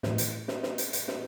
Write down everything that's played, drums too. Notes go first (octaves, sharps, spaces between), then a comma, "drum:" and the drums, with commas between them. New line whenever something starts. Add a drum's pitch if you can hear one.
A2 E3, drum: snare
drum: hi-hat
drum: snare
drum: snare
drum: hi-hat
drum: hi-hat
drum: snare